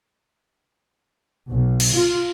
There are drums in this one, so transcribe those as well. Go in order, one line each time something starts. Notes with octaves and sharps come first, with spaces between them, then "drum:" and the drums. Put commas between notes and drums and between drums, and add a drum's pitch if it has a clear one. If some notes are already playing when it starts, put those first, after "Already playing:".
B1
drum: cymbal
F4